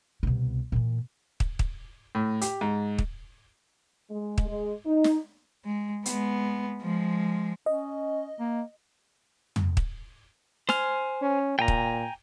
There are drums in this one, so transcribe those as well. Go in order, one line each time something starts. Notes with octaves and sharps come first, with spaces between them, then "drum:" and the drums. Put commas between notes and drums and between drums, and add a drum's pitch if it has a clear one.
C2 B2
A#2 E3
drum: kick
drum: kick
A2
G4, drum: hi-hat
G#2
drum: kick
G#3
drum: kick
G#3
D#4
drum: snare
G#3
G#3 B3, drum: hi-hat
F3 G#3
C#4 D#5
A#3
drum: tom
drum: kick
C5 G#5 F6, drum: snare
C#4
A#2 G5 G#5 A#5
drum: kick